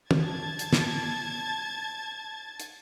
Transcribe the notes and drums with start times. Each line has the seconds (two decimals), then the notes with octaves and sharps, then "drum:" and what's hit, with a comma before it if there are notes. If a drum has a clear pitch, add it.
0.11 A5 G#6 A6, drum: tom
0.59 drum: hi-hat
0.73 drum: snare
2.60 drum: hi-hat